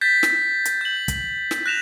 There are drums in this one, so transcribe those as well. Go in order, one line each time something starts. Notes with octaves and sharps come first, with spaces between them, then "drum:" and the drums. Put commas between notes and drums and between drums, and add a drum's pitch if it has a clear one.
G6 A6 B6
drum: snare
drum: hi-hat
G6 F#7
drum: kick, hi-hat
drum: snare
F#6 A#6 E7 F7